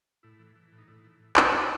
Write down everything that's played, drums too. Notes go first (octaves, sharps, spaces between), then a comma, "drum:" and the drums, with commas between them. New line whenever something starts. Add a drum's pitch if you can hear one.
A2 E4
E3
E3
A2
D#4
A2 E4
E3
A2
A2, drum: clap
F#3 C#4